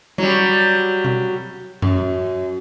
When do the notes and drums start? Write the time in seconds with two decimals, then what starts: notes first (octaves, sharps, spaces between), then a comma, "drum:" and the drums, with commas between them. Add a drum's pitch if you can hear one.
0.18 F#3 G3, drum: tom G3
1.04 drum: tom B2
1.82 F#2, drum: tom F#2